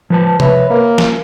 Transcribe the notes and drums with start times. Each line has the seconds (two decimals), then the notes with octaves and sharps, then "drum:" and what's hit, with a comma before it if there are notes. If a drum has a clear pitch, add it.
0.10 F3 B4 A5
0.40 B4 C#5 E5, drum: tom C3
0.70 A#3
0.98 drum: snare